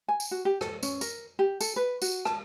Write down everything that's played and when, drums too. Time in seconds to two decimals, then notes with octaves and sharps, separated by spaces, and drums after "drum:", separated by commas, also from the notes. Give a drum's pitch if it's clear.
0.08 G#5
0.20 drum: tambourine
0.31 F#4
0.45 G4
0.61 A4, drum: rim click
0.83 C#4, drum: tambourine
1.01 A#4, drum: tambourine
1.39 G4
1.61 A4, drum: tambourine
1.76 B4
2.02 F#4, drum: tambourine
2.25 A5, drum: rim click